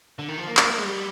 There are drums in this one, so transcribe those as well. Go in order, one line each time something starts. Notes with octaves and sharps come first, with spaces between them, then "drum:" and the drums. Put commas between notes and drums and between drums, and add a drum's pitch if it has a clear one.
D3
D#3
F3
A#3
A#3, drum: clap
A#3
G#3
G3